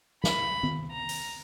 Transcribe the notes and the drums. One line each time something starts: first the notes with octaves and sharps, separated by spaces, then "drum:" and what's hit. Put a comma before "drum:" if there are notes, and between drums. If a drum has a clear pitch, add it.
B5, drum: snare
drum: tom D#3
A#5
drum: open hi-hat